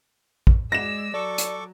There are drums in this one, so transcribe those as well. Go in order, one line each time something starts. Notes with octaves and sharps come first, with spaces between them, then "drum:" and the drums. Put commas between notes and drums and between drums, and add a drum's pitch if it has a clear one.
drum: kick
G#3 G#4 D5 E6 A#6 E7
F#3 A4 D5 C#6 D6
drum: hi-hat